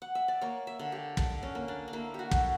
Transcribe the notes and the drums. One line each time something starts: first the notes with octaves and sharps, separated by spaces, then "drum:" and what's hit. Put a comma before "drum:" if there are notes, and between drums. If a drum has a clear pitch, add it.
F#5
E5
D5
A#3 C#5
E5
D3
G4
D3 D4, drum: kick
C#4
A#3
D4
D4
A#3 E4
F#4 G4
D3, drum: kick